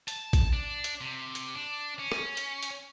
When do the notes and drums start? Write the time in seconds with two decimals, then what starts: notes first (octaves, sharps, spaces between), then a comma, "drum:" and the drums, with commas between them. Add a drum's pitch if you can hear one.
0.08 A5, drum: hi-hat
0.33 drum: kick A#1, hi-hat
0.53 D4
0.84 drum: hi-hat
1.01 C3
1.35 drum: hi-hat
1.55 D4
1.99 C#4
2.12 drum: rim click
2.37 drum: hi-hat
2.63 drum: hi-hat